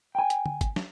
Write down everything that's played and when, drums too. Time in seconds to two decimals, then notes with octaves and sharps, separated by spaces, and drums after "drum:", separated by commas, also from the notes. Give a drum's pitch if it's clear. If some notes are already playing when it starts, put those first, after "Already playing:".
0.15 G5 G#5
0.30 drum: hi-hat
0.46 drum: tom D3
0.61 drum: kick, hi-hat
0.76 drum: snare